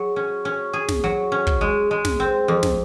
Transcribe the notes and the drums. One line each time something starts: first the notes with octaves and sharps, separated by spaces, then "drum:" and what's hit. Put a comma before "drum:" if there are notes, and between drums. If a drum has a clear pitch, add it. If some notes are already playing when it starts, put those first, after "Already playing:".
Already playing: F#3 G#4
C#4
C#4
G#4
drum: snare
F#3
C#4
drum: kick
G#3
G#3
drum: snare
C4
F2
drum: snare